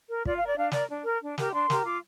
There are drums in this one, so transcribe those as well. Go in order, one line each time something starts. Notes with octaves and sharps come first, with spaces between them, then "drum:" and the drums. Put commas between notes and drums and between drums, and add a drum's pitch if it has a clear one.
A#4
F4 D5, drum: kick
A#4 F5
D5
D4 F5
A#4 D5, drum: snare
D4
A#4
D4
G4 A#4, drum: snare
D4 C6
G4 A#4, drum: snare
F4 D6